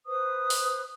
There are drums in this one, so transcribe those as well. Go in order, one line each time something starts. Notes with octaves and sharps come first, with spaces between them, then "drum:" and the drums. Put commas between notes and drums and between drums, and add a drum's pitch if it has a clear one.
B4 C5 D#6
drum: open hi-hat